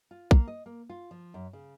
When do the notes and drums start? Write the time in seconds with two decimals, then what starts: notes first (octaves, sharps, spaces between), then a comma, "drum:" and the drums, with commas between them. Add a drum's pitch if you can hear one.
0.11 F4
0.31 A#3, drum: kick
0.48 D#5
0.66 A#3
0.90 F4
1.11 F3
1.34 F#2
1.53 C#3